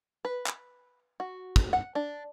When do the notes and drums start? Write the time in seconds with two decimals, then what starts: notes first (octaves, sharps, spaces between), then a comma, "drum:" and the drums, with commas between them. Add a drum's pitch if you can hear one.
0.25 B4
0.46 drum: clap
1.20 F#4
1.56 drum: kick
1.73 F#5
1.95 D4